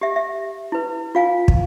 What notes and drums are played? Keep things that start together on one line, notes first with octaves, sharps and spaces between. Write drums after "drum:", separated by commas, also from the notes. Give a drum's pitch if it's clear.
G4 E5
E5
E4 B4
F4 F5 G#5
drum: kick